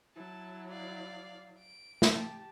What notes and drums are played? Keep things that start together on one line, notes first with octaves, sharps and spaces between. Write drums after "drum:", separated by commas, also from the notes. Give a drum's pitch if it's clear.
F#3 E4 A5
D5 F5
D7
G4 A5, drum: snare